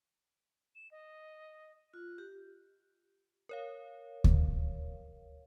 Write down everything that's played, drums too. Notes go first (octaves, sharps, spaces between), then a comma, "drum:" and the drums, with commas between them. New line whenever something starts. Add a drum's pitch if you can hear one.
E7
D#5
F4 F#6
G4
A#4 C#5 F5
drum: kick D2